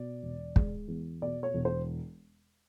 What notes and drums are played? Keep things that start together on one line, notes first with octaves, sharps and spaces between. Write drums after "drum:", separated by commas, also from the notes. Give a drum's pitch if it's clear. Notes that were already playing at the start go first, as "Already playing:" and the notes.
Already playing: B2 D5
E1
G#3, drum: kick
E2
B2 D5
C#5
E1
C5